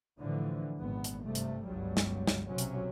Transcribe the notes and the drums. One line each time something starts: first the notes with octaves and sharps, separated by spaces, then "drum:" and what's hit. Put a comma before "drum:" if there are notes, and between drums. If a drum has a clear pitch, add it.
A2 D3 E3 F3
G#1 A#2 B3
drum: hi-hat
G2 C3 A3
drum: hi-hat
G1 C#2 G2 F#3 G3
drum: snare
drum: snare
B1 C3 F#3 C#4
drum: hi-hat